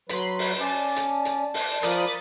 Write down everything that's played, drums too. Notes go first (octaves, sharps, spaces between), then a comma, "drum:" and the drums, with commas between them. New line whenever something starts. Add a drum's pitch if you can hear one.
F#3 B4 B5 C6, drum: hi-hat
drum: open hi-hat
C#4 D5 A5
drum: hi-hat
drum: hi-hat
drum: open hi-hat
F3 A#4 D5 B5 D#6 A6, drum: hi-hat